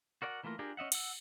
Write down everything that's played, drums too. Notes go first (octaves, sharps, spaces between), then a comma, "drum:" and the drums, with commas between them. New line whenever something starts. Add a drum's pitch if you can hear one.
F#4 A#4 D5 F#5
E3 A3 A#3 F4 A#4
D4 F4 G4 G#4 A#4
C#4 D#5 E5 F#5
F#5 E6, drum: cymbal